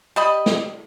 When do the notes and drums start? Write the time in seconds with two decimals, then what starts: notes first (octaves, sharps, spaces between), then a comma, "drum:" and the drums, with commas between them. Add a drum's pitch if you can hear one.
0.16 G3 D#5 B5
0.46 drum: snare